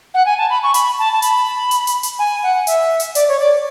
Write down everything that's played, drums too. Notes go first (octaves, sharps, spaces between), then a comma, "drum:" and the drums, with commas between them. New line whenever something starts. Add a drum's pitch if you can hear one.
F#5
G#5
A5
B5
C#6
B5, drum: hi-hat
A5
A5
B5, drum: hi-hat
drum: hi-hat
drum: hi-hat
drum: hi-hat
G#5
F#5
E5, drum: hi-hat
drum: hi-hat
D5, drum: hi-hat
C#5
D5